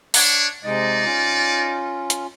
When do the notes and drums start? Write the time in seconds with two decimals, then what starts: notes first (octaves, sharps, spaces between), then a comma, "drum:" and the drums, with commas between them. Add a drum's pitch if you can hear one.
0.14 D4 C#5, drum: open hi-hat
0.64 C3 G#3 D#4 D5 D#5
1.05 C#4 F4
2.10 drum: hi-hat